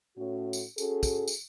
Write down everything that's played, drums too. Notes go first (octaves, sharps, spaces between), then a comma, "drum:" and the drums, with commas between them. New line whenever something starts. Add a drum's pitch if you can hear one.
A2 C#4 F#4
drum: tambourine
C#4 F#4 G#4 A4, drum: tambourine
drum: kick, tambourine
drum: tambourine